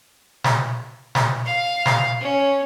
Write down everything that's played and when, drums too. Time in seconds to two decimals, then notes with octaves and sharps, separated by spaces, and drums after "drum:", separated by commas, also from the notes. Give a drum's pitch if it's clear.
0.44 drum: snare
1.15 drum: snare
1.46 F5
1.86 drum: snare
2.21 C#4